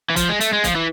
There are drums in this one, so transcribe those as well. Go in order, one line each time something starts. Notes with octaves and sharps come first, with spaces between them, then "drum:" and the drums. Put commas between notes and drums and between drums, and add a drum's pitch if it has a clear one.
E3
F3, drum: kick, hi-hat
G#3
A3, drum: hi-hat
G#3
F3, drum: kick, hi-hat
E3